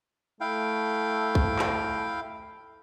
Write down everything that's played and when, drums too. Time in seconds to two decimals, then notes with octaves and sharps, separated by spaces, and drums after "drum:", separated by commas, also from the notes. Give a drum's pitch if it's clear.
0.41 A3 E4 F5 G5
1.35 drum: kick
1.59 drum: clap